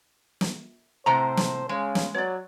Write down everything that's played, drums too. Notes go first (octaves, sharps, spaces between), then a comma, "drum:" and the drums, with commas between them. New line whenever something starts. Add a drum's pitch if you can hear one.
drum: snare
A2 C3 C5 F#5 A#5
drum: snare
C#3 G#3
drum: snare
F#3 C#5 D5